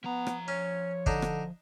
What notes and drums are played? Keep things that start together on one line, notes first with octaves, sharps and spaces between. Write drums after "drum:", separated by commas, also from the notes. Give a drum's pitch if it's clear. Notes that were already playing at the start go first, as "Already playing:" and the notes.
F3 B3 A#5
drum: rim click
C#4 C#5
D3 D4 D#4, drum: kick
drum: rim click